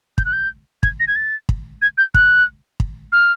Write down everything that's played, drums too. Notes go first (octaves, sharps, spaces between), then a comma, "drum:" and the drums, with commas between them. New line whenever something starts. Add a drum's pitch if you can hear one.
G6, drum: kick
F#6
G6
G#6, drum: kick
A#6
G#6
A6
drum: kick
G#6
G6
F#6, drum: kick
drum: kick
F6